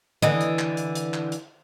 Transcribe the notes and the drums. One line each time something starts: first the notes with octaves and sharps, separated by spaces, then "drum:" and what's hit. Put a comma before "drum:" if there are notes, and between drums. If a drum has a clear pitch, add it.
D3 E3 D#5, drum: tom D3
drum: hi-hat
drum: clap
drum: hi-hat
drum: hi-hat
drum: clap
drum: hi-hat